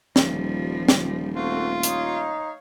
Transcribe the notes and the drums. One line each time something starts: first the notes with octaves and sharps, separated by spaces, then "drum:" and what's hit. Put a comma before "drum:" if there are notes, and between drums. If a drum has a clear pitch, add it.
D#1 F3 G3, drum: snare
drum: snare
A3 C4 F4 F#4 A4
D#4 C#5 F5, drum: hi-hat